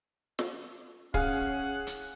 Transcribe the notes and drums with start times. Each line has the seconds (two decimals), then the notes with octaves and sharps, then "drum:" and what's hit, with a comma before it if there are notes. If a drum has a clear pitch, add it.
0.39 drum: snare
1.14 C#4 G#4 F5 F#5, drum: kick C#1
1.87 drum: hi-hat